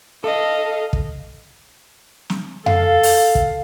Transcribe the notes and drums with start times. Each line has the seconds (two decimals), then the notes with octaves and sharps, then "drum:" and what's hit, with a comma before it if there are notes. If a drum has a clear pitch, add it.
0.24 A4 D#5 F5
0.93 drum: kick
2.30 drum: snare
2.66 A4 F5, drum: tom F2
3.03 drum: open hi-hat
3.35 drum: kick